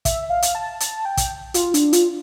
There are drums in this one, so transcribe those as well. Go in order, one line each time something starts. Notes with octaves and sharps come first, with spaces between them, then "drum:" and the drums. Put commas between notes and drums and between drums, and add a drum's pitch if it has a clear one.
E5, drum: kick, hi-hat
F5
drum: hi-hat
A5
A5, drum: hi-hat
G5
drum: kick, hi-hat
F4, drum: hi-hat
D4, drum: hi-hat
F4, drum: hi-hat